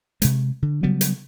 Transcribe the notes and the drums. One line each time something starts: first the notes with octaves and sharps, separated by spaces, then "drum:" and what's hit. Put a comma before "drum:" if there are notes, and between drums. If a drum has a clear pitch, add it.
C3 G#3, drum: hi-hat
D3
C#3 F#3 G3 B3
drum: hi-hat